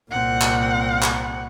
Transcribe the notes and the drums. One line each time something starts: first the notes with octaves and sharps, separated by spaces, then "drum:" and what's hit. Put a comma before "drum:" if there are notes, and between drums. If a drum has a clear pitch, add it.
C2 A#2 C4 F#5
drum: clap
drum: clap